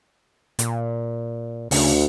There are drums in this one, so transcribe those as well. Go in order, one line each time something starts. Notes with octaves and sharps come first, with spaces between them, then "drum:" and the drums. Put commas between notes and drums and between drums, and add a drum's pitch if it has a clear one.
A#2, drum: hi-hat
D2 C#3, drum: open hi-hat